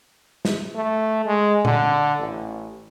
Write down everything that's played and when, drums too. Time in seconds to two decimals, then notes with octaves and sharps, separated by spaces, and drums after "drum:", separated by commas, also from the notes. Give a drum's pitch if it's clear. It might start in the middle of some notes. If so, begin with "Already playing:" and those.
0.45 drum: snare
0.75 A3
1.26 G#3
1.65 D3, drum: tom A#2
2.19 A1